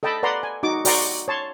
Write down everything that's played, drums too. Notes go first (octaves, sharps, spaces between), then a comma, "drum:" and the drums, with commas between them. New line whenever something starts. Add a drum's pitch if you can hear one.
A4 D#5 G5 A5 B5
B4 D5 F#5 A5 A#5 C6
G#5
D#4 F#4 D6
F#4 D5 G5 A#5 C6 C#6, drum: open hi-hat
C#5 A5 C6